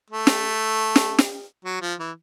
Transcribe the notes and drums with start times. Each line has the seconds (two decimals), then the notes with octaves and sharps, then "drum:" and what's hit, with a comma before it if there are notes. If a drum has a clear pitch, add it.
0.10 A3
0.27 drum: snare
0.96 drum: snare
1.18 drum: snare
1.65 F#3
1.81 F3
1.99 E3